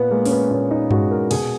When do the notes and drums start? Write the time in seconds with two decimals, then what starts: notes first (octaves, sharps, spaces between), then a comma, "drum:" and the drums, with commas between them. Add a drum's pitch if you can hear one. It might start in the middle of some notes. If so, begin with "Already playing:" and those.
Already playing: A#2 B3
0.11 G#3 A#3
0.25 C#4, drum: open hi-hat
0.31 B3
0.51 A#2 C#4
0.71 D#4
0.91 G#3 F#4, drum: tom G2
1.11 A#4
1.31 B2 G#4, drum: cymbal